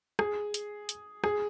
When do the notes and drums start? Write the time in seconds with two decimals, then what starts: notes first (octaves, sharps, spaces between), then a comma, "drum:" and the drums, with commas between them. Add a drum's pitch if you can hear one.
0.19 G#4, drum: rim click
0.54 drum: hi-hat
0.89 drum: hi-hat
1.24 G#4, drum: rim click